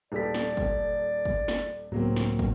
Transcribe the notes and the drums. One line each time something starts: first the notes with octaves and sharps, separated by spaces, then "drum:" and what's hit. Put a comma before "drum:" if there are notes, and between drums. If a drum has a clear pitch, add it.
D#1 A4 D5 B6
drum: snare
drum: kick
drum: kick
drum: snare
C#2 A2 F#3 A#3 C4
drum: snare
drum: kick